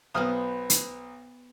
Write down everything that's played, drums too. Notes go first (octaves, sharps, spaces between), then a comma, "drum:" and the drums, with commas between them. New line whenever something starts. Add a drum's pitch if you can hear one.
B1 B3 B4 C5 D#6 F6
drum: hi-hat